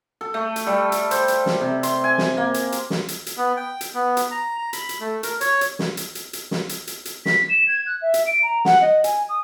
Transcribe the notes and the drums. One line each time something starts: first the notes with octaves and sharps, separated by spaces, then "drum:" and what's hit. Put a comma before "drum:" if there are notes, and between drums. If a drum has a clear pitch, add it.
A4
A3
drum: hi-hat
G3
drum: hi-hat
C5, drum: hi-hat
drum: hi-hat
drum: snare
C3
C6, drum: hi-hat
G#5
drum: snare
A#3
drum: hi-hat
drum: hi-hat
drum: snare
drum: hi-hat
drum: hi-hat
B3
G5
drum: hi-hat
B3
drum: hi-hat
A#5
A#5
B5, drum: hi-hat
drum: hi-hat
A3
A#4, drum: hi-hat
C#5, drum: hi-hat
drum: hi-hat
drum: snare
drum: hi-hat
drum: hi-hat
drum: hi-hat
drum: snare
drum: hi-hat
drum: hi-hat
drum: hi-hat
B6, drum: snare
E7
G#6
F#6
E5
drum: hi-hat
D7
A#5
F#5, drum: snare
D#5
G#5, drum: hi-hat
D#6